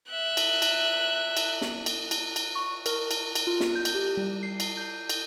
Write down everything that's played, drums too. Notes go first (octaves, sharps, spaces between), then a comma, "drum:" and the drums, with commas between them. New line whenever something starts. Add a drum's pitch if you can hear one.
E5 F#6
drum: cymbal
drum: cymbal
drum: cymbal
drum: snare
drum: cymbal
drum: cymbal
drum: cymbal
C#6
A#4, drum: cymbal
drum: cymbal
drum: cymbal
F4
drum: snare
G6
drum: cymbal
G4
G3
C7
drum: cymbal
G6
drum: cymbal